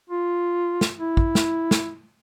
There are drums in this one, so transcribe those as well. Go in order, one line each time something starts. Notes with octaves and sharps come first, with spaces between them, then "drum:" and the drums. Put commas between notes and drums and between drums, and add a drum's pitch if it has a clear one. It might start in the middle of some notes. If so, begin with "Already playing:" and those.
F4
drum: snare
E4
drum: kick
drum: snare
drum: snare